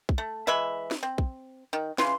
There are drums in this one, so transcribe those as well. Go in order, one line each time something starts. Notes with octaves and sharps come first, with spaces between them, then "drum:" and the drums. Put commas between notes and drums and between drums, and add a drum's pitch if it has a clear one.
drum: kick
A3
E3 G#3 E5 B5
drum: snare
C4
drum: kick
D#3
C#3 E3 F4 C6, drum: snare